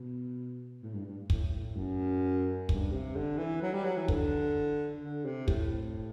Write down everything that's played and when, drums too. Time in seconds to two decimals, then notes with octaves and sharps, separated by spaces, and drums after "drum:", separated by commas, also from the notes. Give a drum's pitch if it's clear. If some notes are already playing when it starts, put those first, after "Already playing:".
Already playing: B2
0.83 A2
0.94 G2
1.06 G2
1.30 A2, drum: kick
1.53 A2
1.76 F#2
2.69 G2, drum: kick
2.92 C3
3.16 D3
3.38 E3
3.62 F#3
3.74 G3
3.85 F#3
3.97 E3
4.08 D3, drum: kick
5.01 D3
5.25 C3
5.48 A2, drum: kick